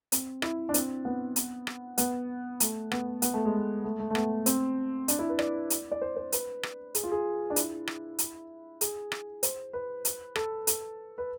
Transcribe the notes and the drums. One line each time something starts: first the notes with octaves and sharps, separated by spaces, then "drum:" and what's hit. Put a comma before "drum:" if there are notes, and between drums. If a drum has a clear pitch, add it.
C4, drum: hi-hat
E4, drum: rim click
D4
C4, drum: hi-hat
B3
drum: hi-hat
drum: rim click
B3, drum: hi-hat
A3, drum: hi-hat
B3, drum: rim click
B3, drum: hi-hat
A3
G#3
A3
A3
A3
A3
B3, drum: rim click
C4, drum: hi-hat
D4, drum: hi-hat
E4
B4
D5, drum: rim click
drum: hi-hat
D5
C5
C5
B4, drum: hi-hat
drum: rim click
G#4, drum: hi-hat
F4
G#4
D4
E4, drum: hi-hat
drum: rim click
drum: hi-hat
G#4, drum: hi-hat
drum: rim click
C5, drum: hi-hat
B4
drum: hi-hat
A4, drum: rim click
A4, drum: hi-hat
B4